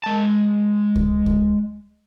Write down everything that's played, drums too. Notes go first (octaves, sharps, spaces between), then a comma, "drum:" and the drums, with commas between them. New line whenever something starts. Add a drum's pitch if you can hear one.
G#3 A5
drum: kick C#2
drum: kick C#2